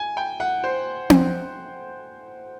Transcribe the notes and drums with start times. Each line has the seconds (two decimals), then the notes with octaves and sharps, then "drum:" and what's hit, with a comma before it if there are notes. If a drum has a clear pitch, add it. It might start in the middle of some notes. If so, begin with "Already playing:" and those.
Already playing: G#5
0.17 G5
0.40 F#5
0.64 C5
1.10 drum: tom C4